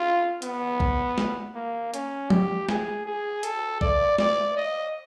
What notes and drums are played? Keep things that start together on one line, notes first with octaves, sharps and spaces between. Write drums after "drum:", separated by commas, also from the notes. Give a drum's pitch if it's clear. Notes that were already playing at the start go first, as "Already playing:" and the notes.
Already playing: F4
B3, drum: hi-hat
drum: kick A#1
drum: snare
A#3
C#4, drum: hi-hat
G4, drum: tom F3
G#4, drum: snare
G#4
A4, drum: hi-hat
D5, drum: kick A#1
D5, drum: snare
D#5